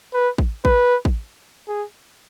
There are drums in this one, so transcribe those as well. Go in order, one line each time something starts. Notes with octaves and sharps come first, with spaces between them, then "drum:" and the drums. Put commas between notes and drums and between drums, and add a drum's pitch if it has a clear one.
B4
drum: kick
B4, drum: kick
drum: kick
G#4